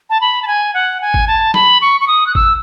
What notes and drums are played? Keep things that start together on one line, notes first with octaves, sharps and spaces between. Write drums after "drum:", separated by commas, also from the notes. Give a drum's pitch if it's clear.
A5
B5
A5
G#5
F#5
G#5
drum: kick G1
A5
B5, drum: snare
C#6
C#6
D#6
F#6
E6, drum: kick G1